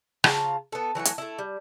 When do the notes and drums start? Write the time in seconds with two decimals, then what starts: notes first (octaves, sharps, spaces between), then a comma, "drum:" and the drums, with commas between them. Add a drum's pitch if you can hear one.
0.24 C#3 F4 A5 A#5, drum: rim click
0.72 B3 A4
0.95 E3 F#3 A3 F#5
1.05 drum: hi-hat
1.18 A3 E4
1.39 G3